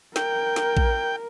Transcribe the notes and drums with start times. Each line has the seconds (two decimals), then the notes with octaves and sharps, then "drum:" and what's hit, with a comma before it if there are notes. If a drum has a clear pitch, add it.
0.16 A#4 G5, drum: snare
0.56 drum: snare
0.77 drum: kick A#1